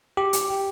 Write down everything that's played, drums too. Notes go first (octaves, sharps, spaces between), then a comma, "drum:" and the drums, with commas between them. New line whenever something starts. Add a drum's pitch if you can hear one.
G4
drum: hi-hat